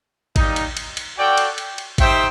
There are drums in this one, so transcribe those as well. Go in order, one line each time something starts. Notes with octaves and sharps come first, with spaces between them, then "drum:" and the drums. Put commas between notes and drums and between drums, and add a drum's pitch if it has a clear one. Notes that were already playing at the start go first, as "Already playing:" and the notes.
G3 A#3 D#4, drum: kick A1, cymbal
drum: cymbal
drum: cymbal
drum: cymbal
F#4 A4 D5 G5
drum: cymbal
drum: cymbal
drum: cymbal
D#4 G4 C5 E5 G5, drum: kick A1, cymbal